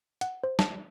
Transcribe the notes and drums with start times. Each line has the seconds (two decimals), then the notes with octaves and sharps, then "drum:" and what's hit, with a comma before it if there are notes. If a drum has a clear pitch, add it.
0.21 F#5, drum: hi-hat
0.44 C5
0.59 A5, drum: snare